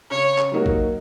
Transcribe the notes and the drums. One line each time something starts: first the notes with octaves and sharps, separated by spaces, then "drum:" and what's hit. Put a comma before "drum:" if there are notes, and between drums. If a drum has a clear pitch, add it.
C#3 C#5
drum: clap
F#3 A#3 D#4 F#4
drum: kick